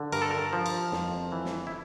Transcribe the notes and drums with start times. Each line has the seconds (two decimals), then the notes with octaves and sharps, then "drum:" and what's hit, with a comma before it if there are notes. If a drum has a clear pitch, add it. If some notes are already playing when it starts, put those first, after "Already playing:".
Already playing: D3
0.12 G2 A#4, drum: cymbal
0.22 A4
0.30 A#4
0.53 F3
0.66 drum: cymbal
0.92 F2, drum: snare
1.32 E3
1.45 drum: snare
1.67 E4